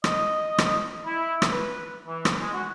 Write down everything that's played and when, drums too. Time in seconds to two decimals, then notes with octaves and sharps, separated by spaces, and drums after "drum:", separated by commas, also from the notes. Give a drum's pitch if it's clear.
0.04 D#5, drum: rim click
0.58 drum: rim click
1.06 E4
1.42 drum: rim click
1.52 B4
2.06 E3
2.25 drum: rim click
2.40 G#3
2.53 F#4